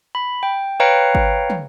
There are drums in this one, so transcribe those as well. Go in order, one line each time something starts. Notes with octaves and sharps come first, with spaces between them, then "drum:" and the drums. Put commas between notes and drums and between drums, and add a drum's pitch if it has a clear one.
B5
G5
B4 C#5 F5 G5 A#5 C#7
drum: kick G#1
drum: tom